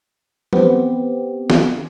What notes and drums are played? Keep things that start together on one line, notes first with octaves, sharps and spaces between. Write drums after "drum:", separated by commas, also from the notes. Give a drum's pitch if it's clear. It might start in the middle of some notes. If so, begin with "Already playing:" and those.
B3 C4 G4, drum: tom E3
drum: snare